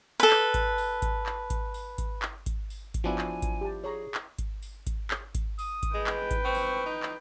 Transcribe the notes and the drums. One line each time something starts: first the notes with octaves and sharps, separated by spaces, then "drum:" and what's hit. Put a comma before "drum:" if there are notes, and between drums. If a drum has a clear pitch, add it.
A4 B4
drum: clap
drum: kick G#1, hi-hat
drum: open hi-hat
drum: kick G#1, hi-hat
drum: clap
drum: kick G#1, hi-hat
drum: open hi-hat
drum: kick G#1, hi-hat
drum: clap
drum: kick G#1, hi-hat
drum: open hi-hat
drum: kick G#1, hi-hat
F3 B3 D4 E4 F#4 G#5
drum: clap
drum: kick G#1, hi-hat
G4 A5
G#4 C#5 A#5
drum: clap
drum: kick G#1, hi-hat
drum: open hi-hat
drum: kick G#1, hi-hat
drum: clap
drum: kick G#1, hi-hat
D#6, drum: open hi-hat
drum: kick G#1, hi-hat
G#3 B4 G5
drum: clap
drum: kick G#1, hi-hat
C4 C#6
drum: open hi-hat
D#4
drum: clap